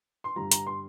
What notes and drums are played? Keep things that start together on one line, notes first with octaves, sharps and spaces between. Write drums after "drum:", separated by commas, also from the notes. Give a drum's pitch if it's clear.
C6
G2 D3 G3 A#5
A#5, drum: hi-hat
C6